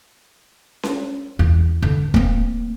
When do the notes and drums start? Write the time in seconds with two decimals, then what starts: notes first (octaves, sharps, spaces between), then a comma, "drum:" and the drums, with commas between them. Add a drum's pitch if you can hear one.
0.83 drum: snare C#4
1.39 E2
1.82 D3
2.14 A#3 C4, drum: kick